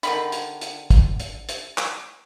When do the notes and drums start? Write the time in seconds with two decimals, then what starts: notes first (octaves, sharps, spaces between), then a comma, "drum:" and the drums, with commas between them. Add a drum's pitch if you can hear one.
0.03 D3 D#3 B5, drum: hi-hat
0.32 drum: hi-hat
0.61 drum: hi-hat
0.90 drum: kick, hi-hat
1.20 drum: hi-hat
1.49 drum: hi-hat
1.78 drum: clap